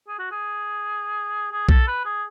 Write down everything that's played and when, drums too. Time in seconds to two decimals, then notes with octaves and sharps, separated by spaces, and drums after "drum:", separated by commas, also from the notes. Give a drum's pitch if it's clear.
0.08 G#4
0.19 F#4
0.31 G#4
1.52 G#4
1.69 A4, drum: kick B1
1.88 B4
2.05 G#4